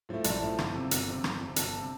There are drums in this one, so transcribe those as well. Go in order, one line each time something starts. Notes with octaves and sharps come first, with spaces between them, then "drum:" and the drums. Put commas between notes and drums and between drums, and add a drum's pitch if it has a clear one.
A2 F3 A3
A#1 A5, drum: hi-hat
A2 F3 A3
G1, drum: rim click
F2 C3
G1, drum: hi-hat
F2 C3
G1, drum: rim click
F2 C3
G1 A5, drum: hi-hat
C3